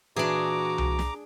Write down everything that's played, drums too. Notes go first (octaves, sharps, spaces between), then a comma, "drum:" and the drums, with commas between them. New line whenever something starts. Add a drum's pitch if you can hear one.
A#2 E3 D4 F#4 G#4 E5 A#5 D6
drum: tom C2
drum: snare